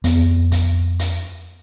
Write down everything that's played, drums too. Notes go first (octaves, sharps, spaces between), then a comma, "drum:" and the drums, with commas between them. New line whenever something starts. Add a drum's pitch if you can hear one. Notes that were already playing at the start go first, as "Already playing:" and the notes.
F2 B3, drum: hi-hat
drum: kick, hi-hat
drum: hi-hat